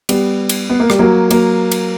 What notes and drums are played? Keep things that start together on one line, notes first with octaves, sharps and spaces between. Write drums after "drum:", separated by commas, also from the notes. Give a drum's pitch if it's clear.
G3 B3, drum: cymbal
drum: cymbal
B3
A#3
G3, drum: rim click
F#3 A#3
F#3 A#3, drum: cymbal
drum: cymbal